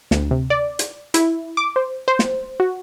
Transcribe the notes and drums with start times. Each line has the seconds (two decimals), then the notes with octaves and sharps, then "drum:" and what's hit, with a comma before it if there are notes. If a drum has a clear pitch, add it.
0.11 D2, drum: snare
0.31 C3
0.50 D5
0.79 drum: hi-hat
1.14 E4, drum: hi-hat
1.57 D6
1.76 C5
2.08 C5
2.19 drum: snare
2.60 F#4